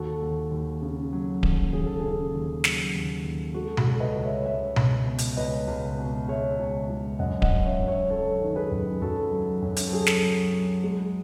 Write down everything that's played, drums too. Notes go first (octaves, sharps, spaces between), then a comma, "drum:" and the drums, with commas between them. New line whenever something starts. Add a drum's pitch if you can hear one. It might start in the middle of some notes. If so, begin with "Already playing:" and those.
Already playing: D#2 F#4 A4
D#2
D#2
C#3
F#3
D#2, drum: kick D1
D#2 G#4
A4
C#3 G#4
D#2
F#3, drum: snare
D#2
D#2
G#3 F#4 A4
F#4 A4, drum: tom B2
C#2
B4 D#5
C#2
C#5 E5
C#2 C#5 E5
C#2, drum: tom B2
B2
drum: hi-hat
C#2 B4 D#5
C#2
B2
G#3 C#5 E5
C#2
C#2
F#2 D#5 F#5
D#5 F#5, drum: kick D1
F#2
C#5 E5
F#2
C#5 E5
F#3 A4 C#5
D#3
G#4 B4
F#2
F#2 F#4 A4
F#3
F#2
drum: hi-hat
A4
F#3 G#4
drum: snare
F#3
F#3
G#3